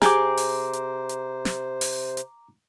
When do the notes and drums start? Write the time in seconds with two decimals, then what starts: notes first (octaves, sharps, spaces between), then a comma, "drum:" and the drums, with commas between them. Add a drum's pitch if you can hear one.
0.02 C3 G4 G#4 C5 A#5 D6, drum: snare
0.37 drum: open hi-hat
0.73 drum: hi-hat
1.09 drum: hi-hat
1.45 drum: snare
1.81 drum: open hi-hat
2.17 drum: hi-hat